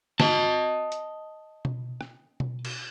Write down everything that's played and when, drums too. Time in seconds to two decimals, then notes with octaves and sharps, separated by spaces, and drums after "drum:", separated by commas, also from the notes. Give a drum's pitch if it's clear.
0.20 D#5 A5, drum: snare
0.92 drum: hi-hat
1.65 drum: tom B2
2.01 drum: rim click
2.40 drum: tom B2
2.65 drum: cymbal